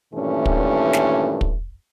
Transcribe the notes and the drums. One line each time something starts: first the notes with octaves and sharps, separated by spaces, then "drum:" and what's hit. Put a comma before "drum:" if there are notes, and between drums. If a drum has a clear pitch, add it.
G2 A#2 D#3 E3 A3 C#4
drum: kick
drum: snare
drum: kick